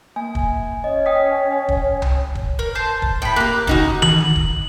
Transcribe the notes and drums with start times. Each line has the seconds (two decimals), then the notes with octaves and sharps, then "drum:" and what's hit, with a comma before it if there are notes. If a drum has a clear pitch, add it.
0.16 A#3 G#5
0.35 drum: kick
0.84 C#4 C#5 D#5
1.06 G5 D#6 B6
1.69 drum: kick
2.02 drum: tom C2
2.35 drum: kick
2.59 A#4
2.75 C5 A5 G6
3.02 drum: kick
3.22 A2 G5 B5
3.36 A#3 G4 F#6
3.67 C#3 D#4 F#4, drum: kick
4.02 F#7, drum: tom D#3
4.36 drum: kick